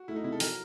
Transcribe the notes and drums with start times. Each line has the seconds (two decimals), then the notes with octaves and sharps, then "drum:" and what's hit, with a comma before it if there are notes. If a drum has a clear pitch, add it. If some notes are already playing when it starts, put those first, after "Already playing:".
Already playing: F#4
0.08 A3 E4
0.16 D#4
0.24 C3 E4
0.32 A4
0.40 F#3 A#4, drum: open hi-hat